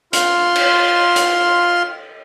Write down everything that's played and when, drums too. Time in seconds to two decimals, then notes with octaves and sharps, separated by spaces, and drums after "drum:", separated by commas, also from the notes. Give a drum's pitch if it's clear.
0.13 F4 C6 F6, drum: hi-hat
0.55 drum: cymbal
1.16 drum: hi-hat